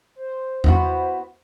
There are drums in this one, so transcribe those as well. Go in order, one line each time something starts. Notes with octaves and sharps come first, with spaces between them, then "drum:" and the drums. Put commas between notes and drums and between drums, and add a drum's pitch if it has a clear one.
C5
B3 E4 F#4, drum: tom E2